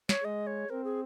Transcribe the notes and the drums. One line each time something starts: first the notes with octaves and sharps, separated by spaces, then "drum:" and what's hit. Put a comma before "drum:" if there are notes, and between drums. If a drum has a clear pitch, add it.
C#5, drum: snare
G#3 D#5
C#5
C4 A#4
G#4